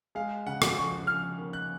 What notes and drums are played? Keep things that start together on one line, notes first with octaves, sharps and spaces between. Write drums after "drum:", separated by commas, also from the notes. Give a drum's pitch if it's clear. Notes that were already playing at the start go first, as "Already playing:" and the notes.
G#3 F5
C#3 F#5
drum: rim click
F3 C#6
F3 F6
D#2
F#6